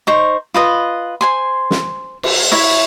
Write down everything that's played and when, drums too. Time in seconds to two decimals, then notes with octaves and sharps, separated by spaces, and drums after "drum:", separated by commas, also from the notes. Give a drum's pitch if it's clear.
0.07 D#4 C5 C#6
0.54 F4 B4 D#5
1.21 C5 G#5 C6
1.71 drum: snare
2.23 drum: cymbal
2.52 E4 C#5 E5